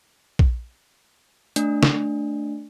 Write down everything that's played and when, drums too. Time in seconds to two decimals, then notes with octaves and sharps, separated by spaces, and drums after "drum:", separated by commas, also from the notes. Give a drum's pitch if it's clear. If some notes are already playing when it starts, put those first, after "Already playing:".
0.39 drum: kick A#1
1.56 A3 D4, drum: hi-hat
1.83 drum: snare